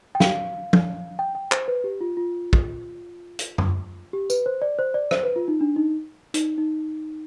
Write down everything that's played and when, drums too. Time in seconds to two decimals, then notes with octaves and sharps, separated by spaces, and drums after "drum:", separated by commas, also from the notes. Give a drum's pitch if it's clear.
0.15 G5
0.20 F5, drum: snare
0.73 drum: tom
1.19 G5
1.35 G5
1.52 C5, drum: clap
1.68 B4
1.84 G4
2.01 F4
2.17 F4
2.53 drum: kick
3.39 drum: hi-hat
3.58 drum: tom F#2
4.13 G4
4.30 B4, drum: tambourine
4.46 C5
4.62 D5
4.79 C5
4.94 D5
5.11 C5, drum: rim click
5.23 B4
5.36 F4
5.48 D#4
5.61 D4
5.76 D#4
6.34 D#4, drum: hi-hat
6.58 D#4